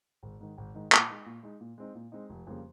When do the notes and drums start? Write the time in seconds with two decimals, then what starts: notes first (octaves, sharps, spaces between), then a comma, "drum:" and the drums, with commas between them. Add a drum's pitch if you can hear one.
0.23 G#1
0.41 G#2 D#3
0.58 G#1
0.75 G#2 D#3
0.92 A#2, drum: clap
1.09 G#3 D#4
1.26 A#2
1.43 G#3 D#4
1.61 A#2
1.78 G#3 C4 D#4
1.95 A#2
2.12 G#3 C4 D#4
2.29 F1
2.47 F2 C#3 G3 A#3